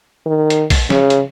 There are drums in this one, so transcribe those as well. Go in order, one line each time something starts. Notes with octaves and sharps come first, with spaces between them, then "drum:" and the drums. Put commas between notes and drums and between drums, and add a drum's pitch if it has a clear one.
D#3
drum: hi-hat
drum: kick, open hi-hat
C#3, drum: snare
drum: hi-hat